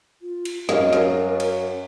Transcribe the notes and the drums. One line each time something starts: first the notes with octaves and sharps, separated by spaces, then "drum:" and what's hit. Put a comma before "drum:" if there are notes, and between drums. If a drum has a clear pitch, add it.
F4
drum: cymbal
F#2 A#4 C#5 D#5 F5, drum: snare
drum: snare
drum: cymbal